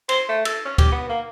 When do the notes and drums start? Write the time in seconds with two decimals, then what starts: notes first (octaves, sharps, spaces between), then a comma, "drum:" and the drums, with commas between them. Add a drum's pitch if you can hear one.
0.09 C5, drum: cymbal
0.29 A3
0.45 A4, drum: cymbal
0.65 C#4
0.78 G4, drum: kick D2, cymbal
0.92 B3
1.09 A#3